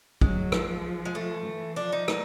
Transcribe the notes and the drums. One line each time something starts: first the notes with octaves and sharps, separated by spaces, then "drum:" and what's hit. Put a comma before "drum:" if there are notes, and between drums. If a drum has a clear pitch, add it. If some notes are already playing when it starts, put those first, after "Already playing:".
F#3 G#3, drum: kick A#1
F3, drum: rim click
G#3
A3
E3
F3 D4
D#4
D#4, drum: rim click